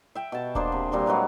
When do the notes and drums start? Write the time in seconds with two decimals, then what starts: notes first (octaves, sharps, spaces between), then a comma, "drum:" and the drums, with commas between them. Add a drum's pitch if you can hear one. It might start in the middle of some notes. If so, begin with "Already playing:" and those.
0.15 E5 G5
0.32 B2 A5 C#6
0.55 A#3 D4 G#4 C5, drum: kick D#1
0.72 C3
0.92 A#2 G3 A#4 C6
1.06 F#3 G#3 B4 F5